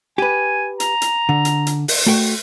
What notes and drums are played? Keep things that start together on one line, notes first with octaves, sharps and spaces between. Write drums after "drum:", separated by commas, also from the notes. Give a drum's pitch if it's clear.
G4 B4 G#5
A#5, drum: hi-hat
drum: hi-hat
D3
drum: hi-hat
drum: hi-hat
drum: open hi-hat
A3 F#4 G5